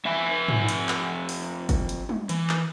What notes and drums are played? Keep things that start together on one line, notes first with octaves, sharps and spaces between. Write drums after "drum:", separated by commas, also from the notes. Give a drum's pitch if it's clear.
F2 E5 G#5
drum: tom G#2
drum: hi-hat
drum: clap
drum: open hi-hat
drum: kick, hi-hat
drum: hi-hat
drum: tom G3
E3, drum: hi-hat
drum: clap